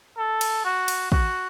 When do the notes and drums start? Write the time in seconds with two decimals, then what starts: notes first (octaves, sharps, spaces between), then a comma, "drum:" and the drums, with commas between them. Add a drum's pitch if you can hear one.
0.17 A4
0.41 drum: cymbal
0.65 F#4
0.88 drum: cymbal
1.12 F#4, drum: kick